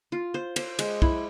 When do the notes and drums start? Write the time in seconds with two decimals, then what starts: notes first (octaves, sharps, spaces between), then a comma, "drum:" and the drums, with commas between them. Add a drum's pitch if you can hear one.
0.12 F4
0.34 C5
0.56 C5, drum: cymbal
0.79 G#3, drum: cymbal
1.02 E4, drum: kick